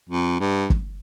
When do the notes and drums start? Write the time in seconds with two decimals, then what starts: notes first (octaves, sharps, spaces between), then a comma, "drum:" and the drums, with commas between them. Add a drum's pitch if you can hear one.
0.09 F2
0.40 G2
0.70 drum: kick